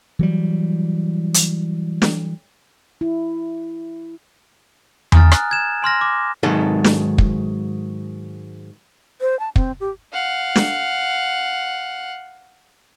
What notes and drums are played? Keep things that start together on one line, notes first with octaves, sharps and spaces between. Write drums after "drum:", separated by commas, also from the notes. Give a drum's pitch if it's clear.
E3 F#3 G3
drum: hi-hat
drum: snare
E4
G#5 A#5 D#6 F6 A6, drum: tom E2
F#6, drum: rim click
G#6 E7
G#5 C6 F6 A#6
D6
G#2 D#3 F#3 A4 D#5
drum: snare
drum: kick
C5
A5
C4, drum: kick
G4
F5 F#5
drum: snare